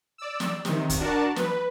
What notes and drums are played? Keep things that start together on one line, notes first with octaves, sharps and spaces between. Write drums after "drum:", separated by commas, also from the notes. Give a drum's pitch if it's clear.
D5 E6
drum: snare
C3 D#3, drum: snare
drum: kick, hi-hat
D4 F#4 A#4 D5 A5
B4, drum: snare